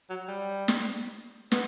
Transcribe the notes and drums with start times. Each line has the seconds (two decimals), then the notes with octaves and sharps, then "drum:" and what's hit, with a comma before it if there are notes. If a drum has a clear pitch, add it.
0.10 F#3
0.28 G3
0.68 drum: snare
1.52 B3, drum: snare